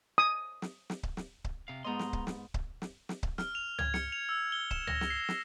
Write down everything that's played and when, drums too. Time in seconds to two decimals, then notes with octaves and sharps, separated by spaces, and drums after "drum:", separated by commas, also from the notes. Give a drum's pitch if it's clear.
0.18 D#6
0.62 drum: snare
0.90 drum: snare
1.03 drum: kick C#1
1.17 drum: snare
1.44 drum: kick C#1
1.68 C3 F5
1.84 G#2 B3 D#5 A#5 C6
1.99 drum: snare
2.13 drum: kick C#1
2.27 drum: snare
2.54 drum: kick C#1
2.82 drum: snare
3.09 drum: snare
3.23 drum: kick C#1
3.38 F6, drum: snare
3.55 F7
3.79 G#6, drum: tom C#2
3.94 C#7, drum: snare
4.12 F7
4.29 E6
4.52 G7
4.71 E7, drum: kick C#1
4.87 A#6, drum: tom C#2
5.01 drum: snare
5.10 C7
5.29 drum: snare